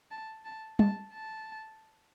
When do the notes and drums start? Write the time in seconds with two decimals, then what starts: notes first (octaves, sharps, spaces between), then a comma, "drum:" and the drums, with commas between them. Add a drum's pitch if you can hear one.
0.11 A5
0.45 A5
0.79 A5, drum: tom
1.13 A5